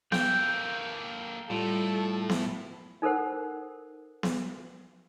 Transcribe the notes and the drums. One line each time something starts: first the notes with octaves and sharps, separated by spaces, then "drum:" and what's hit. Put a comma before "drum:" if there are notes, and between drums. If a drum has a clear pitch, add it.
A#3 A4 G5, drum: snare B3
A2 G3 F4 A4
drum: snare B3
D#4 A4 A#4 C5 F#5
drum: snare B3